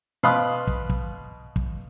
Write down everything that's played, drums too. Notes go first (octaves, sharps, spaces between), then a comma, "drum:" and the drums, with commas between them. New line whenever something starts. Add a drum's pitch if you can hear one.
B2 F5 B5 C6 D#6 F#6
drum: kick
drum: kick
drum: kick